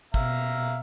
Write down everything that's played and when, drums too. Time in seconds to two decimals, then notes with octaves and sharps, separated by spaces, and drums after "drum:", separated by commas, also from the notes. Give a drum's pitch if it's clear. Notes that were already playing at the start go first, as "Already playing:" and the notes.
0.14 B2 E5 F5 A#5, drum: kick